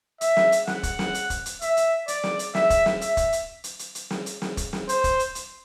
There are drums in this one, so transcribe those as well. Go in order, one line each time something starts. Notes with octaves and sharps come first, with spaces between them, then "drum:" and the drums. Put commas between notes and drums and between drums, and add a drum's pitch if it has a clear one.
E5, drum: hi-hat
drum: snare
drum: hi-hat
F#5, drum: snare
drum: kick, hi-hat
drum: snare
drum: hi-hat
drum: kick, hi-hat
drum: hi-hat
E5, drum: hi-hat
drum: hi-hat
D5, drum: hi-hat
drum: snare
drum: hi-hat
E5, drum: snare
drum: kick, hi-hat
drum: snare
E5, drum: hi-hat
drum: kick, hi-hat
drum: hi-hat
drum: hi-hat
drum: hi-hat
drum: hi-hat
drum: snare
drum: hi-hat
drum: snare
drum: kick, hi-hat
drum: snare
C5, drum: hi-hat
drum: kick, hi-hat
drum: hi-hat
drum: hi-hat